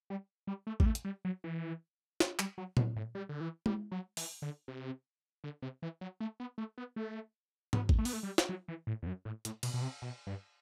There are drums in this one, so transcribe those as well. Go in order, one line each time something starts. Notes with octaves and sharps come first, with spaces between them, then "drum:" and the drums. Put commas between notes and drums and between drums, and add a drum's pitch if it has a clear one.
G3
G3
A3
G3, drum: kick A1
A3
drum: hi-hat
G3
F#3
E3
drum: snare
G3, drum: clap
F#3
B2, drum: tom A#2
A2
G3
D3
E3
G3, drum: tom G#3
F#3
E3, drum: open hi-hat
D3
C3
D3
C3
E3
F#3
A3
B3
A3
B3
A3
B3, drum: tom G#2
drum: kick A1
A3
B3, drum: open hi-hat
A3
G3
drum: snare
F#3
E3
A2
E2
F#2
A2
A2, drum: hi-hat
B2, drum: cymbal
B2
C3
B2
G2